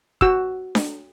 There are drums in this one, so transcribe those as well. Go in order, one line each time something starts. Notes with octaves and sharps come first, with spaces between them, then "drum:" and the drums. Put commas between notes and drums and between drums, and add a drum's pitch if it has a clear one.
F#4 E6, drum: kick
drum: snare D4